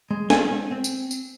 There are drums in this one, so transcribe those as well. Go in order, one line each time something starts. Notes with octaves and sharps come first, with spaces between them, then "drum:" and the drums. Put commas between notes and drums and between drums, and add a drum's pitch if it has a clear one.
G#3
G#3 G#5, drum: snare D4
C4
C4
drum: tambourine
drum: tambourine